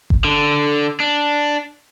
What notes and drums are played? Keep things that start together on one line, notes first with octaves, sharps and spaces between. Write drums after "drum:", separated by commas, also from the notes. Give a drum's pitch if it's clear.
drum: kick G1
D3
D4